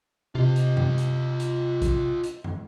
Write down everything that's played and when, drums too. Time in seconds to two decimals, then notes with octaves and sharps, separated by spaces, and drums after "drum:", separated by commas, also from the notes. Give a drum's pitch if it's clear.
0.35 C3 F4 D#5
0.56 drum: hi-hat
0.77 drum: tom F#2
0.98 drum: hi-hat
1.40 drum: hi-hat
1.82 drum: kick, hi-hat
2.23 drum: hi-hat
2.44 drum: tom F#2